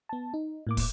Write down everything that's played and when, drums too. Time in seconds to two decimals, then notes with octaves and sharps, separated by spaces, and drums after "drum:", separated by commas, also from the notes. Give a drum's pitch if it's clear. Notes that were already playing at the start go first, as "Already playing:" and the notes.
0.09 B3 A5
0.34 D#4
0.67 A2 A#3 D6
0.77 drum: kick, open hi-hat